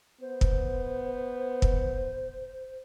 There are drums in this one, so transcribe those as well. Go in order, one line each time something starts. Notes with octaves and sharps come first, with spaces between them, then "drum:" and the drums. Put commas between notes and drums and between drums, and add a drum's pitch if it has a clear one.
B3 C5
drum: kick
drum: kick